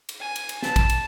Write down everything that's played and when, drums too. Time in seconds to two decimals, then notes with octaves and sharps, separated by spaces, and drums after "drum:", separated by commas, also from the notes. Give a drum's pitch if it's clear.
0.09 drum: cymbal
0.20 G#5
0.36 drum: cymbal
0.49 drum: cymbal
0.63 A5, drum: snare
0.76 drum: kick, cymbal
0.89 drum: cymbal